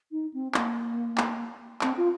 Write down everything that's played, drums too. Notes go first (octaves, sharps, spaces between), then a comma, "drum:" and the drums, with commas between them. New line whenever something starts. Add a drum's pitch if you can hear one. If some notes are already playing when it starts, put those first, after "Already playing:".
D#4
C4
A#3, drum: clap
drum: clap
C4, drum: clap
F4